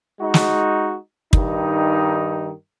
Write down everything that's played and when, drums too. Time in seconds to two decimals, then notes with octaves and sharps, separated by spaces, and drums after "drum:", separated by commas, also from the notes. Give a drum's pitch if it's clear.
0.20 G#3 D#4 F#4
0.34 drum: snare
1.33 G2 D#3 D#4, drum: kick